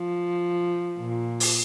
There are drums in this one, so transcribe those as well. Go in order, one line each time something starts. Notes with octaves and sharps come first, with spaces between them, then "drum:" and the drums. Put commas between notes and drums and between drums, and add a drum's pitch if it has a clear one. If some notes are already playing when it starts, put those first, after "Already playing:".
Already playing: F3
A#2
drum: open hi-hat